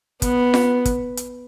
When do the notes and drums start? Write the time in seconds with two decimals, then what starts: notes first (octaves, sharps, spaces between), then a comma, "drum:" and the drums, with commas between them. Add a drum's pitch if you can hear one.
0.22 B3, drum: kick, hi-hat
0.54 drum: snare F4
0.85 drum: kick, hi-hat
1.17 drum: hi-hat